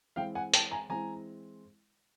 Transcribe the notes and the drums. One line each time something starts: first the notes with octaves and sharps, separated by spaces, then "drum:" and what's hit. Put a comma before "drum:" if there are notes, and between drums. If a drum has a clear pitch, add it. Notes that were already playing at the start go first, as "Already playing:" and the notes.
E3 G#3 C4 E4 F5 G5
F#5 G#5
G5 A5, drum: hi-hat
G#5 A#5
E3 G#3 C4 E4 G#5 A#5